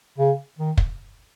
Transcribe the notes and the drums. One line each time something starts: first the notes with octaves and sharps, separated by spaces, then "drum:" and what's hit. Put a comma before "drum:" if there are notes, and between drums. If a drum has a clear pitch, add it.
C#3
D#3
drum: kick